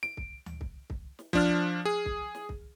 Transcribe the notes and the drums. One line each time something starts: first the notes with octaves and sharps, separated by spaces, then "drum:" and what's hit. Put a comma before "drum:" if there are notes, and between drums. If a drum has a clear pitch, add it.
D7, drum: snare
drum: kick C2
drum: tom D2
drum: kick C2
drum: kick C2
drum: snare
F3 D4 F6, drum: kick C2
G#4
drum: kick C2
drum: snare
drum: kick C2